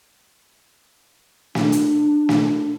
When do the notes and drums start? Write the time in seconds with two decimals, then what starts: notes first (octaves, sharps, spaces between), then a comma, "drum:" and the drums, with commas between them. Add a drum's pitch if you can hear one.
1.55 D4, drum: snare
1.72 drum: hi-hat
2.29 drum: snare